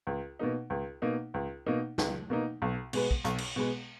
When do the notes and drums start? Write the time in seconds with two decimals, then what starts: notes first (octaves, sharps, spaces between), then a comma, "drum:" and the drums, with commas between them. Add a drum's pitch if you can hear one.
0.07 C#2
0.39 B2 A#3 D#4
0.70 C#2
1.02 B2 A#3 D#4
1.34 C#2
1.66 B2 A#3 D#4
1.98 C#2, drum: snare
2.30 B2 A#3 D#4
2.62 B1
2.93 B2 G#3 B3, drum: cymbal
3.11 drum: kick
3.25 B1, drum: hi-hat
3.38 drum: cymbal
3.56 B2 G#3 B3